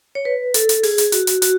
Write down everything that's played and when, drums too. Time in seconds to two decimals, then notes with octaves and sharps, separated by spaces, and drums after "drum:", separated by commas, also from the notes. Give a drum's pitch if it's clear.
0.15 C#5
0.25 B4
0.54 A4, drum: hi-hat
0.69 drum: hi-hat
0.83 G#4, drum: open hi-hat
0.98 drum: hi-hat
1.12 F#4, drum: hi-hat
1.27 drum: hi-hat
1.42 F#4, drum: hi-hat